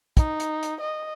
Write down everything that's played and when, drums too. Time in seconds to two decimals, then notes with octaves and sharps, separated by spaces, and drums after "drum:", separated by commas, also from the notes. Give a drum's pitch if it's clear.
0.17 D#4, drum: kick, hi-hat
0.40 drum: hi-hat
0.63 drum: hi-hat
0.81 D#5